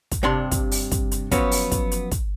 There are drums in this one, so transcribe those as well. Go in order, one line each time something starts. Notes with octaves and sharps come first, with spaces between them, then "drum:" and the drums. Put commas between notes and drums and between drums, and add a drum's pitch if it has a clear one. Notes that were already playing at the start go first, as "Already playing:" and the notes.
drum: kick, hi-hat
G2 C3 D4 C6
drum: kick, hi-hat
drum: open hi-hat
drum: kick, hi-hat
drum: hi-hat
F3 F#3 B3 C#4, drum: kick, hi-hat
drum: open hi-hat
drum: kick, hi-hat
drum: hi-hat
drum: kick, hi-hat